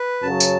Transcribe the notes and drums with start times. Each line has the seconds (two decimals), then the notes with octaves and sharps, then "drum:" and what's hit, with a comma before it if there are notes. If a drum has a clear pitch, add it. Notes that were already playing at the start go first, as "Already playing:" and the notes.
Already playing: B4
0.22 F#2 C#3 F#3 A5
0.40 drum: tambourine